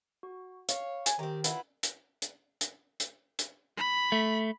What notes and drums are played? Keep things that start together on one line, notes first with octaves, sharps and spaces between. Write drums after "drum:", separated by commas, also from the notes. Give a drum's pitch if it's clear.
F#4
C#5 F5, drum: hi-hat
G#5, drum: hi-hat
D#3 C4 G4 A#5
E4 F4 B4 F#5, drum: hi-hat
drum: hi-hat
drum: hi-hat
drum: hi-hat
drum: hi-hat
drum: hi-hat
B5
A3